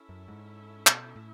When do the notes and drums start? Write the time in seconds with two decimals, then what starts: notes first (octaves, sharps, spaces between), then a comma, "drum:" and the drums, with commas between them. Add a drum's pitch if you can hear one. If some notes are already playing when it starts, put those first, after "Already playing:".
Already playing: C#4 E4 A4 E5
0.09 F#2
0.28 G#2
0.87 B2, drum: clap
1.16 A2